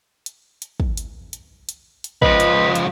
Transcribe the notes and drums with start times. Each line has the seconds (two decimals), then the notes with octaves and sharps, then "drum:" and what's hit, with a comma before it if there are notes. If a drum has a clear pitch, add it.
0.26 drum: hi-hat
0.62 drum: hi-hat
0.80 drum: kick
0.97 drum: hi-hat
1.33 drum: hi-hat
1.69 drum: hi-hat
2.04 drum: hi-hat
2.22 C#2 F3 B4 D#5, drum: kick
2.40 drum: hi-hat
2.75 drum: hi-hat